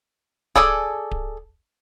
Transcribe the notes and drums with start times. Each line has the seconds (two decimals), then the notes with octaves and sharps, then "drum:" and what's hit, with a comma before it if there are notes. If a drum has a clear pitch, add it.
0.56 G#4 A4 D5 G#5, drum: kick D1
1.11 drum: kick D1